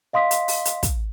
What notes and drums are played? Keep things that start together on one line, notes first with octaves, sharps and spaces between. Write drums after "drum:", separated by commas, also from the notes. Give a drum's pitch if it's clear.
D#5 F5 C6 D#6 B6
drum: hi-hat
drum: open hi-hat
drum: hi-hat
drum: kick, hi-hat